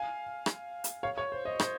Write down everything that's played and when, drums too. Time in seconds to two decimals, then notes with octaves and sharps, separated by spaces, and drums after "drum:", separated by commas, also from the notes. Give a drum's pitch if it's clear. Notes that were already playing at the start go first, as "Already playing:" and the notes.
Already playing: F5 G#5
0.46 drum: rim click
0.84 drum: hi-hat
1.03 C#5 F5
1.18 C#5
1.32 C5
1.45 C5 D#5
1.60 C5 D#5, drum: rim click